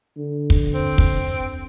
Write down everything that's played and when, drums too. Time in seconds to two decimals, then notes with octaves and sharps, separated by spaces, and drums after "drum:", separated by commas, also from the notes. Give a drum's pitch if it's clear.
0.17 D3
0.50 drum: kick
0.74 C4
0.98 drum: kick